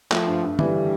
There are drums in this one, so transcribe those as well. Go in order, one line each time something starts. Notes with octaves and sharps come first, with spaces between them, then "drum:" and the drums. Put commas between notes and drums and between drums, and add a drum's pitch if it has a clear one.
F3 A3, drum: clap
G2
G2
E3 G3, drum: tom D3